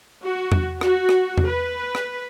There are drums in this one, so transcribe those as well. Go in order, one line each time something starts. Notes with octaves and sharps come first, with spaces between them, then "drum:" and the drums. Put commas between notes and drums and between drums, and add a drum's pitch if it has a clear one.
F#4
drum: tom E2
F#4, drum: rim click
drum: rim click
drum: tom E2
B4
drum: rim click